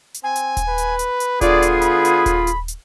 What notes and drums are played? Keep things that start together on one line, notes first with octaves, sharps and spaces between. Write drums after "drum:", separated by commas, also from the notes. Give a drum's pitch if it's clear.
drum: hi-hat
C4 G#5
drum: hi-hat
drum: kick D#1, hi-hat
B4
drum: hi-hat
drum: hi-hat
drum: hi-hat
D3 B3 F4 G#4 D5, drum: kick D#1, hi-hat
drum: hi-hat
B5, drum: hi-hat
drum: hi-hat
drum: kick D#1, hi-hat
drum: hi-hat
drum: hi-hat